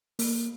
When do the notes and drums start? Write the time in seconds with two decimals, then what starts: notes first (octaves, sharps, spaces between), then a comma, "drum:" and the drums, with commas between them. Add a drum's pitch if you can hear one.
0.19 A#3, drum: open hi-hat